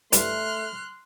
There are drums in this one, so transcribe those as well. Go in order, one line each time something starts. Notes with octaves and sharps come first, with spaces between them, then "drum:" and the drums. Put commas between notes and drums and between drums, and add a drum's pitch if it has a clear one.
G2 E3 A3 C6 D6 F6 F#6, drum: hi-hat